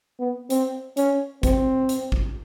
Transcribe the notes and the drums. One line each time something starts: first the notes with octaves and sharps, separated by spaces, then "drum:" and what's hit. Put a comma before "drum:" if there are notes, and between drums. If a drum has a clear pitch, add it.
B3
C4, drum: hi-hat
C#4, drum: hi-hat
C4, drum: kick G#1, hi-hat
drum: hi-hat
drum: kick G#1